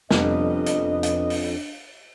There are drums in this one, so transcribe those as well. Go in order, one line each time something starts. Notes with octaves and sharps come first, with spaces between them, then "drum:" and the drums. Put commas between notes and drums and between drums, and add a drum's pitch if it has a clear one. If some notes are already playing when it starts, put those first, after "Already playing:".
F1 F2 G3 B3 C#4 D4 B4 D#5, drum: snare
drum: hi-hat
drum: hi-hat
drum: open hi-hat